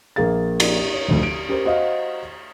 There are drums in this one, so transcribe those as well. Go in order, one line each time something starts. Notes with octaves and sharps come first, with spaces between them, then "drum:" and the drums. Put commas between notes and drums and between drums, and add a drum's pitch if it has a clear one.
A#1 A#3 G#4 F5 A6
drum: cymbal
C#5
F1 D2 D3
D7
C#4 G4 A#4 C5
F#4 C5 D#5 F5